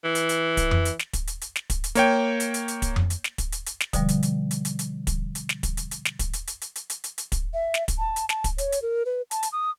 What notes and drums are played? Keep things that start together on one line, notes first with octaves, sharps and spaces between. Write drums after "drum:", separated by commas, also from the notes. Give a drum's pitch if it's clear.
E3
drum: hi-hat
drum: hi-hat
drum: kick, hi-hat
drum: tom F2
drum: hi-hat
drum: snare
drum: kick, hi-hat
drum: hi-hat
drum: hi-hat
drum: snare
drum: kick, hi-hat
drum: hi-hat
A#3 C#5 G5, drum: hi-hat
drum: hi-hat
drum: hi-hat
drum: hi-hat
drum: kick, hi-hat
drum: tom F2
drum: hi-hat
drum: snare
drum: kick, hi-hat
drum: hi-hat
drum: hi-hat
drum: snare
B2 D3 F3 G3, drum: kick, hi-hat
drum: hi-hat
drum: hi-hat
drum: hi-hat
drum: hi-hat
drum: hi-hat
drum: kick, hi-hat
drum: hi-hat
drum: snare
drum: kick, hi-hat
drum: hi-hat
drum: hi-hat
drum: snare
drum: kick, hi-hat
drum: hi-hat
drum: hi-hat
drum: hi-hat
drum: hi-hat
drum: hi-hat
drum: hi-hat
drum: hi-hat
drum: kick, hi-hat
E5
drum: snare
drum: kick, hi-hat
A5
drum: hi-hat
A5, drum: snare
drum: kick, hi-hat
C#5, drum: hi-hat
drum: hi-hat
A#4
B4
A5, drum: hi-hat
drum: hi-hat
D#6